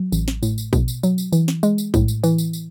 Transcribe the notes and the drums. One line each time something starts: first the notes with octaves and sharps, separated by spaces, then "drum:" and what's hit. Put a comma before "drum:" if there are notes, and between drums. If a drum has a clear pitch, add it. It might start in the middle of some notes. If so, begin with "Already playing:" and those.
Already playing: F#3
A1, drum: tambourine
drum: snare
A2, drum: tambourine
drum: tambourine
B2, drum: kick A#1, tambourine
drum: tambourine
F#3, drum: tambourine
drum: tambourine
E3, drum: tambourine
drum: snare
G#3, drum: tambourine
drum: tambourine
A2, drum: kick A#1, tambourine
drum: tambourine
E3, drum: tambourine
drum: tambourine
drum: tambourine